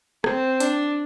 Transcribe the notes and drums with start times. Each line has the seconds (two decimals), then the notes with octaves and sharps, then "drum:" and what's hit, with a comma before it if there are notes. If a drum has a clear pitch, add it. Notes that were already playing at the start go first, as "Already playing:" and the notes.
0.24 C4, drum: rim click
0.60 D4, drum: hi-hat